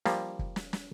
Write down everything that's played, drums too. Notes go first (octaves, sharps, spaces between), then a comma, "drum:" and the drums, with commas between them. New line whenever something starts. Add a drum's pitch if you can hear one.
F3 G3 A#3, drum: snare
drum: kick
drum: snare
drum: snare